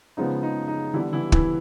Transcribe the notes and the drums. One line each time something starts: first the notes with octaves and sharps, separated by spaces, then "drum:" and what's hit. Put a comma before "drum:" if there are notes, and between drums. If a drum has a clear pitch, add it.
C#3 F3 G#3 B3 D#4
D#4
D#4
D3 E3 G3 B3 E4
E3 E4
E3 E4, drum: kick